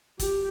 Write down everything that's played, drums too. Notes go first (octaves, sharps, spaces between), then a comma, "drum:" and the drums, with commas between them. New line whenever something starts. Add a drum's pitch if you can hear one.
G4, drum: kick, hi-hat